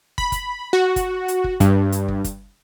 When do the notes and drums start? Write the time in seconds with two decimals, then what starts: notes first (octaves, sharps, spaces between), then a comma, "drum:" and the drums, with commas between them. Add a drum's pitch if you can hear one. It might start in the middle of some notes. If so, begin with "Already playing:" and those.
0.18 B5, drum: kick
0.32 drum: kick, hi-hat
0.73 F#4
0.96 drum: kick, hi-hat
1.28 drum: hi-hat
1.44 drum: kick
1.60 G2, drum: kick, hi-hat
1.92 drum: hi-hat
2.08 drum: kick
2.24 drum: kick, hi-hat